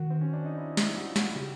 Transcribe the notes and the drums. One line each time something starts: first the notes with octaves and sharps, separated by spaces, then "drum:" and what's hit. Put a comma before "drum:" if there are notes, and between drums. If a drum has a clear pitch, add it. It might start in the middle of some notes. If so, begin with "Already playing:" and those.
Already playing: D#3 F#4
C4
C#4
D4
D#4
E4
E4, drum: snare
F#4
F4
F#4, drum: snare
C#3 G4